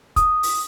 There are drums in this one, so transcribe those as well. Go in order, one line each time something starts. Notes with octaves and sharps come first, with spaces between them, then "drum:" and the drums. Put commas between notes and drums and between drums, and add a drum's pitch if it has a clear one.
D#6, drum: kick, hi-hat
drum: open hi-hat